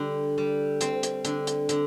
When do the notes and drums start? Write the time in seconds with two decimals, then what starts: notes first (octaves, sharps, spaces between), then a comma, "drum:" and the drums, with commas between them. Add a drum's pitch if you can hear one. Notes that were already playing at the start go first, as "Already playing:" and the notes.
Already playing: D3 G3
0.38 G3
0.81 C4, drum: hi-hat
1.03 drum: hi-hat
1.25 D3, drum: hi-hat
1.47 drum: hi-hat
1.69 D3, drum: hi-hat